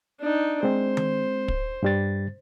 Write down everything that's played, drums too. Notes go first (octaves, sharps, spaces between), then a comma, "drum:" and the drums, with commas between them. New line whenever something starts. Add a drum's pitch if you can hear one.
D4 D#4
G#3 C4 C5
drum: tom D#3
drum: kick
G2 G3 A6